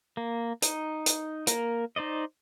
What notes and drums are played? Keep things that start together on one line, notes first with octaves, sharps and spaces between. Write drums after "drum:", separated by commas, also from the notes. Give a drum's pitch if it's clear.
A#3
D#4, drum: hi-hat
drum: hi-hat
A#3 A#4, drum: hi-hat
D#4 C5 D5 D#5